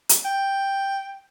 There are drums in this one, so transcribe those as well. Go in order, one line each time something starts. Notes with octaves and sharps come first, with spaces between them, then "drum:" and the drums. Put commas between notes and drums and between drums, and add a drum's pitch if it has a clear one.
drum: hi-hat
G5